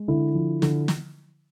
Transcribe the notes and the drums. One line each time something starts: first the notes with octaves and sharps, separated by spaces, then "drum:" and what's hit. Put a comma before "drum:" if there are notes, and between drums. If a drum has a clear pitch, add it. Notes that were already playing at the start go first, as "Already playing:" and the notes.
Already playing: G#3
D3 E4
F3
D3, drum: snare
drum: snare